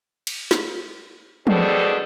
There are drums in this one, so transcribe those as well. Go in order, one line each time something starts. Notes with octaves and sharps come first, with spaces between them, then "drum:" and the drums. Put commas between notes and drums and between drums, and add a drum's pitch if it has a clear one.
drum: cymbal
drum: snare
G2 B2 C4 G#4 A4 D5, drum: tom